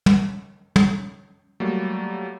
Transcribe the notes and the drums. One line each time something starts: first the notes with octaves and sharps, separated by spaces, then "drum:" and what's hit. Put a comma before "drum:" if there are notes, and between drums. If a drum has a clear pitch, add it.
drum: tom
drum: tom
F#3 G3 A3 A#3